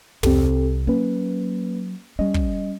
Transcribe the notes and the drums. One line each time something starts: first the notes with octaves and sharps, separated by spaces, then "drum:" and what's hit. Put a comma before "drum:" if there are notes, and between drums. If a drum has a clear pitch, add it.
C2 C4 G4 A4, drum: tom
F#3 A#3 C#4 B4
G3 C#4 D#5
drum: kick